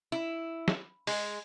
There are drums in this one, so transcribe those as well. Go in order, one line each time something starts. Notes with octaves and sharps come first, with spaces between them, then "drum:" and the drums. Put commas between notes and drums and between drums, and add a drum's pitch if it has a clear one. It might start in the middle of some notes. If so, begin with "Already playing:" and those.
E4
drum: snare
G#3, drum: open hi-hat